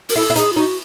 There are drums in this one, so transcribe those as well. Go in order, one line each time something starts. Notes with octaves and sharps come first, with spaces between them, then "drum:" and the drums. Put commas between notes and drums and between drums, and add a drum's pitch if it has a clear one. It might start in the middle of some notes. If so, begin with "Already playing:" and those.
A#4, drum: open hi-hat
E4 A4
E4
D#4 G#4, drum: hi-hat
F4
D#4 F#4